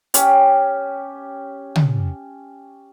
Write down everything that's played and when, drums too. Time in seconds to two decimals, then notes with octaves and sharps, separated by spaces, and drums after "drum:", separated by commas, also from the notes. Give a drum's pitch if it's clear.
0.14 C#4 G4, drum: hi-hat
1.76 drum: tom